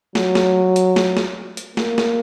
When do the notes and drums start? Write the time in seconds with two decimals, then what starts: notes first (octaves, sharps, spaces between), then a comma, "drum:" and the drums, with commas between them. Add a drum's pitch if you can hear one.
0.15 F#3, drum: snare
0.35 drum: snare
0.76 drum: hi-hat
0.96 drum: snare
1.17 drum: snare
1.57 drum: hi-hat
1.77 A#3, drum: snare
1.98 drum: snare